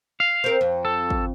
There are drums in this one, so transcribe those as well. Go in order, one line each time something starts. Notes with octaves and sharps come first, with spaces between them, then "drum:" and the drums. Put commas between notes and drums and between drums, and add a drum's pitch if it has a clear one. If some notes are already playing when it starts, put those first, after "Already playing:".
F5
C4 A#4
F2
A4
drum: kick